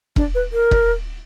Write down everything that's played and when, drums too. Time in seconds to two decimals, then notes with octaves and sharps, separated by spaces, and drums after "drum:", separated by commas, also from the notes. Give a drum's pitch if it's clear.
0.16 D4, drum: kick E1
0.35 B4
0.53 A#4
0.71 drum: kick E1